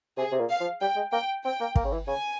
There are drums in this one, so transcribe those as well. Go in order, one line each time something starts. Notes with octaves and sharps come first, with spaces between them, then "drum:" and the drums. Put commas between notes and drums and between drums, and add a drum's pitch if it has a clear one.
C3 G#4
C3
A#2
F5
F3
G3 G5
G#3
A#3 G5
C4 G5
A#3
A#3, drum: kick
C#3
E3
C#3 G#5